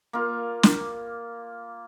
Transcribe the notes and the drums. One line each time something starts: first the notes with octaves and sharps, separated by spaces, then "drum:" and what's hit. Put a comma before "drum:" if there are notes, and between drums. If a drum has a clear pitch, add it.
A#3 F4
drum: snare